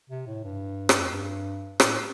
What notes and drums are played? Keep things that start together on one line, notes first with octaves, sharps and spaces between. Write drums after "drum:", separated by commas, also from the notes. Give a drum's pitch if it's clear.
C3
A2
G2
drum: rim click
F2
G2
A2, drum: rim click